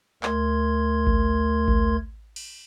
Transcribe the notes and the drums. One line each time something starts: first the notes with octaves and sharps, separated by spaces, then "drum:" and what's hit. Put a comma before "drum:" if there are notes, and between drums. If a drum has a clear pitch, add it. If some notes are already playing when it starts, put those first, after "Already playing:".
D2 A3 A#4 C6 G#6, drum: clap
drum: kick A1
drum: kick A1
drum: cymbal